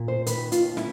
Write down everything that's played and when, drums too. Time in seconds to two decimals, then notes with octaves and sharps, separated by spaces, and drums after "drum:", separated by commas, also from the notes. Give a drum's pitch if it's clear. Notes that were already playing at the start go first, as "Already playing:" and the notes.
Already playing: A#2
0.08 C5
0.26 D#3 B4, drum: hi-hat
0.52 F4, drum: hi-hat
0.64 D#2
0.77 E4, drum: snare